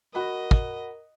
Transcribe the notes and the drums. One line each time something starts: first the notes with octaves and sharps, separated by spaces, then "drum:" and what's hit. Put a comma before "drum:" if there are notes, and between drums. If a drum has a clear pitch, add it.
F#4 A#4 D#5 F#5 B5
drum: kick